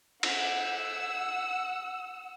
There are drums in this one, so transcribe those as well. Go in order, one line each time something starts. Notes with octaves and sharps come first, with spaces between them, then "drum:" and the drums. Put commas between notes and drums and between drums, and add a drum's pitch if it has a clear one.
F#5 E6, drum: cymbal